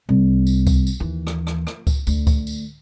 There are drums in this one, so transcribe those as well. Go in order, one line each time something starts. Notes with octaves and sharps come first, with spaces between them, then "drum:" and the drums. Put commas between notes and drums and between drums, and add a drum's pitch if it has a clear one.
C2
drum: tambourine
drum: kick C#2, tambourine
drum: tambourine
D#2 E3
drum: rim click
drum: rim click
drum: rim click
drum: kick C#2, tambourine
D2, drum: tambourine
drum: kick C#2, tambourine
drum: tambourine